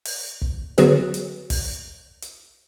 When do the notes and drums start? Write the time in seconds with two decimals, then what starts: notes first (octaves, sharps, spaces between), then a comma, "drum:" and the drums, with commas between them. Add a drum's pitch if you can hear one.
0.05 drum: open hi-hat
0.42 drum: kick
0.78 D3 F#3 B3 F#4 G#4 B4, drum: hi-hat
1.14 drum: hi-hat
1.50 drum: kick, open hi-hat
2.22 drum: hi-hat